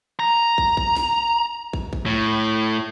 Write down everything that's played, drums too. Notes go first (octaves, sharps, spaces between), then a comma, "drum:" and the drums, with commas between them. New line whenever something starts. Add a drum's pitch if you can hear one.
A#5
drum: kick
drum: kick
drum: snare
drum: kick
drum: kick
A2